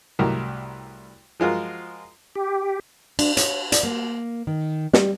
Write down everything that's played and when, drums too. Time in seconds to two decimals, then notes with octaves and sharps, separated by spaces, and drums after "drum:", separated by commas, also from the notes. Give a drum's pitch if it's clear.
0.19 C2 A2 F#4 G4 A#4
1.40 F3 G#3 F4 F#4 A#4
2.35 G4
3.19 D4, drum: cymbal
3.37 C#5, drum: hi-hat
3.72 D5, drum: hi-hat
3.83 A#3
4.47 D#3
4.93 G3, drum: snare